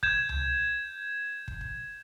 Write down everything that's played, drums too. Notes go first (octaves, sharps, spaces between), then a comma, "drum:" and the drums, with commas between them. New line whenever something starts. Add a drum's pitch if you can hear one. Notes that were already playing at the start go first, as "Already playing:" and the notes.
G6 G#6 E7, drum: kick
drum: tom C#2
drum: kick
drum: kick